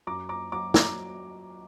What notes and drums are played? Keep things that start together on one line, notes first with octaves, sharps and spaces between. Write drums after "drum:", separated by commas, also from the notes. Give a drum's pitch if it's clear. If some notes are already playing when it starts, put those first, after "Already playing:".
F#2 A#5 D6
A#5 D6
F#3 A#5 D6
A#5 D6, drum: snare